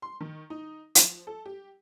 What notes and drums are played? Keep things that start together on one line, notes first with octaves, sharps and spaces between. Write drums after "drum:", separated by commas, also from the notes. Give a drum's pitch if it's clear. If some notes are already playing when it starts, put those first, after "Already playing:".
C6
D#3
D#4
F3, drum: hi-hat
A4
G4